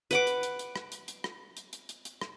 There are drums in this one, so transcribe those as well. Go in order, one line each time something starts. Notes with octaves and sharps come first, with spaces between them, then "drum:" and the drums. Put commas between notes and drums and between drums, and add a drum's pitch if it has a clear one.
B4 F#5 D6, drum: hi-hat
drum: hi-hat
drum: hi-hat
drum: hi-hat
drum: rim click
drum: hi-hat
drum: hi-hat
drum: rim click
drum: hi-hat
drum: hi-hat
drum: hi-hat
drum: hi-hat
drum: rim click